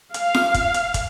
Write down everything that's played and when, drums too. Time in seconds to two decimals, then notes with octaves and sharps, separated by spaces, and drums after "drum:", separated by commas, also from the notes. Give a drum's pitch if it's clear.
0.14 F5, drum: hi-hat
0.34 drum: snare F4
0.54 drum: kick, hi-hat
0.74 drum: hi-hat
0.94 drum: kick, hi-hat